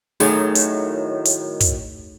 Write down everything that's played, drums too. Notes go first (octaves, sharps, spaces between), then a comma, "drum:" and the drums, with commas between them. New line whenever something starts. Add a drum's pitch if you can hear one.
A2 D#3 F#3 A3 D#4 G#4, drum: open hi-hat
drum: hi-hat
drum: hi-hat
drum: kick, hi-hat